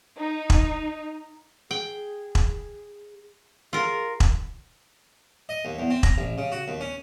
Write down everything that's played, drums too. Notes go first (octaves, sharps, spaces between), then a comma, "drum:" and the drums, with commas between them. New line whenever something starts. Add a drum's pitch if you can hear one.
D#4
drum: kick E1
G#4 G5
drum: kick E1
F4 G#4 A#4
drum: kick E1
D#5
D#2
E2
C4
A#5, drum: kick E1
A1
C#3
F#4
D#2
C#4